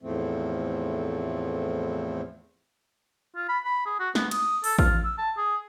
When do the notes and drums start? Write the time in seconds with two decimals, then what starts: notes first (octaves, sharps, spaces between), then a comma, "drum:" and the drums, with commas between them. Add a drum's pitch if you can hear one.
0.03 E2 A2 F3 A3 C4
3.36 F4
3.49 B5
3.64 B5
3.86 G#4
4.00 F#4
4.15 B3, drum: snare
4.31 D#6, drum: cymbal
4.64 A4, drum: open hi-hat
4.79 F4, drum: kick A1
5.04 E6
5.18 A5
5.37 G#4